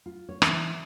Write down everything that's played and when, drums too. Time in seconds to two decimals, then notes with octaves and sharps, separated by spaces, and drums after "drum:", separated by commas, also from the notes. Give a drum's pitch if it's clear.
0.06 F4
0.29 C#5
0.42 E3, drum: rim click